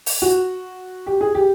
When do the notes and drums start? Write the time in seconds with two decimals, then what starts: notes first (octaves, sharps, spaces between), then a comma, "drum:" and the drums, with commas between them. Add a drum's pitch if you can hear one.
0.06 drum: open hi-hat
0.22 F#4
1.06 G4
1.21 G#4
1.35 G4